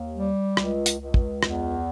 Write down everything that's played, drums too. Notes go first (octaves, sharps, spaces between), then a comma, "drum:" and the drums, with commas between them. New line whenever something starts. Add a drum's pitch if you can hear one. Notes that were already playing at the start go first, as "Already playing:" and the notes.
Already playing: D#2
G3
C#2, drum: rim click
drum: hi-hat
C#2
drum: kick
E2, drum: rim click